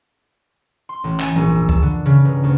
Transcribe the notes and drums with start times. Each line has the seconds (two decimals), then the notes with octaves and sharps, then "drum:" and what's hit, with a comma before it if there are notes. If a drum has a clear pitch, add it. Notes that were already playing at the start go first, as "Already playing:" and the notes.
0.89 C6
1.04 A1
1.20 G#5, drum: clap
1.36 A#1, drum: tom G#2
1.56 E6
1.69 A5, drum: kick C#2
1.82 D3
2.06 C#3
2.25 G1
2.43 D2